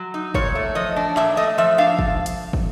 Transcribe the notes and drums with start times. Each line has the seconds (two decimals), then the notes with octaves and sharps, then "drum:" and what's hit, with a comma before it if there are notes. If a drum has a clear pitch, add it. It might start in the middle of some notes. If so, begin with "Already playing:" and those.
Already playing: F#3
0.14 D#4
0.34 A#2 C#5, drum: kick
0.55 A3
0.75 F3 D#5
0.96 D4
1.17 A#2 E5, drum: clap
1.37 A3 D#5
1.58 F3 E5
1.78 D4 F5
1.99 drum: kick
2.26 drum: hi-hat
2.53 drum: kick